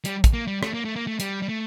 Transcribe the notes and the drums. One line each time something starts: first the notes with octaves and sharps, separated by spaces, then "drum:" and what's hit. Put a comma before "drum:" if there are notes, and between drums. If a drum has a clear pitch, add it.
G3, drum: hi-hat
drum: kick, hi-hat
A#3
G3
A3, drum: rim click
A#3
A3
A#3
A3
G3, drum: hi-hat
G3
A3